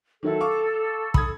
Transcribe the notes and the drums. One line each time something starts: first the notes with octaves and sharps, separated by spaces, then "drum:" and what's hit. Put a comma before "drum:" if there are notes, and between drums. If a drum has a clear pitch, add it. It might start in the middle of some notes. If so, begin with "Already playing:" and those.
D#3 F#3 E4 A4
F5 C#6 D6
B5 D#6 G#6, drum: kick